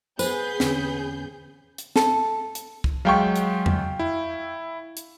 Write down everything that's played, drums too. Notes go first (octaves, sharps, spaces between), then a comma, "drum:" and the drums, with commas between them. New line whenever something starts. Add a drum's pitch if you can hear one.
B3 G#4 B4 C5 G6, drum: tambourine
E2 D3 C#4, drum: snare
drum: hi-hat
A4, drum: snare
drum: hi-hat
drum: kick
F#3 G#3 F5 G5 C#6
drum: hi-hat
drum: tom E2
E4
drum: hi-hat